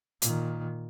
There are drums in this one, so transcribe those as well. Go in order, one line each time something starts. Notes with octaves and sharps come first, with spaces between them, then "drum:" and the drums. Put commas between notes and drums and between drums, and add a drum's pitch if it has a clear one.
A#2 D#3, drum: hi-hat